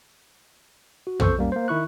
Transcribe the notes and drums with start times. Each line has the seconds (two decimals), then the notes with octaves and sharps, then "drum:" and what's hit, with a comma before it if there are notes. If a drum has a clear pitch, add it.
1.07 F#4
1.20 F2 A4 C5 C#6 E6 G6, drum: tom
1.38 G3 A#3 C#4
1.52 A#3 C5
1.68 D#3 E4 C#6 F#6